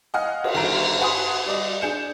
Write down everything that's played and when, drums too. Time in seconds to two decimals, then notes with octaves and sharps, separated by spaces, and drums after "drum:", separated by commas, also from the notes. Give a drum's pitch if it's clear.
0.14 D#5 F5 F#5 G#5 F6
0.44 drum: cymbal
0.55 G1 D#3 A4 A#5 D7
1.01 B4 F#5 G#5 C6 D#6
1.46 G3 D5 D#5
1.82 D4 G#4 G6 C#7 E7